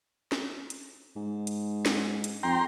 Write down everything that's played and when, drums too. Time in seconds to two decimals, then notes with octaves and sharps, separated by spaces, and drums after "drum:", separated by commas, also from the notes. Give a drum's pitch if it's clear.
0.32 drum: snare
0.70 drum: hi-hat
1.16 G#2
1.47 drum: hi-hat
1.86 drum: snare
2.24 drum: hi-hat
2.43 F2 G5 A#5 C6